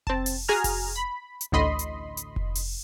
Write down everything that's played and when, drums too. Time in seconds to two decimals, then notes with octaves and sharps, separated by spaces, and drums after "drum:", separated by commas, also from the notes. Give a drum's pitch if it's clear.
0.07 C4 A5, drum: kick F1
0.26 drum: open hi-hat
0.49 F#4 G#4 G#5 A#5 F6
0.64 drum: kick F1, open hi-hat
0.96 B5
1.41 drum: hi-hat
1.52 A1 D2 A2 D#5 B5 C6
1.79 drum: hi-hat
2.17 drum: hi-hat
2.36 drum: kick F1
2.55 drum: open hi-hat